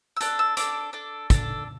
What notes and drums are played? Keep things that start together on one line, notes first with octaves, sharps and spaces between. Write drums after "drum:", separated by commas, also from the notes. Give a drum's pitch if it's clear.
E6
D4 A4 F#6, drum: hi-hat
E6
D4 A4 D6, drum: hi-hat
D4 A4
D4 A4, drum: kick, hi-hat